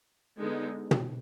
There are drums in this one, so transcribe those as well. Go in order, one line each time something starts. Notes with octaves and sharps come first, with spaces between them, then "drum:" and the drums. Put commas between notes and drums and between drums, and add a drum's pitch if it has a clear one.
D3 G#3 B3 D#4
drum: tom